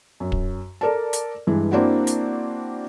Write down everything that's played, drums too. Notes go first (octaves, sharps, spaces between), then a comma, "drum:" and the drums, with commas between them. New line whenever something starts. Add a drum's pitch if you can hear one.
F#2
drum: kick
A4 A#4 D5 A5
drum: hi-hat
G2 E3 G#3
A#3 C4 D4 E4 F#4
drum: hi-hat